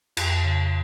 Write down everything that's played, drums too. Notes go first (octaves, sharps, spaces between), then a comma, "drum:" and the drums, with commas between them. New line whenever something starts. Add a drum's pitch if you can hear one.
F2, drum: cymbal
C#3